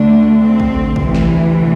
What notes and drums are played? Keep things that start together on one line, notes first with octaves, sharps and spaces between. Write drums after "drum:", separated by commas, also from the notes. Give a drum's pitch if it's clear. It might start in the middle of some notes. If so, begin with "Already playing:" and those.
Already playing: D2 D3 A3 D4
C4
drum: kick
D2 C3 E3, drum: kick
drum: snare